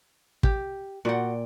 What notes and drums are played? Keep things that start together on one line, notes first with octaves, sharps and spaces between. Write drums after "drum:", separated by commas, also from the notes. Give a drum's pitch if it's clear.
G4, drum: kick
A#2 F#4 D5 F#5 G5